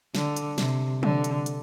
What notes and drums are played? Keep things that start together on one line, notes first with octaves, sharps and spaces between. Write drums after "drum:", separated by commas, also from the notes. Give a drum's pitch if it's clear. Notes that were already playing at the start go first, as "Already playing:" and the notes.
D3, drum: snare
drum: hi-hat
C3, drum: snare
D3, drum: tom
drum: hi-hat
drum: hi-hat